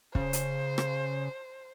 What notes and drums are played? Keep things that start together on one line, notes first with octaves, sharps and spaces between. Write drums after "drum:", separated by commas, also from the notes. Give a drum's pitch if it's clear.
C#3 C5, drum: kick
drum: hi-hat
drum: rim click